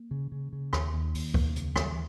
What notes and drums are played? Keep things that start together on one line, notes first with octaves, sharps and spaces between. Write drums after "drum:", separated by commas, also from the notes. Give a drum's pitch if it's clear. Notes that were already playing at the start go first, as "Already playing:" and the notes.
Already playing: A#3
C#3
C#3
C#3
D#2, drum: rim click
D#2
D#2, drum: open hi-hat
D#2 A#3, drum: kick C#2
C#3, drum: hi-hat
D#2 G#3, drum: rim click
F#3
E3